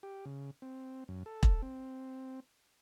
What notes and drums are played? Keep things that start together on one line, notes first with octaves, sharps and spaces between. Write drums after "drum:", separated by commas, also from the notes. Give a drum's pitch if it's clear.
G4
C#3
C4
F#2
A4
drum: kick E1
C4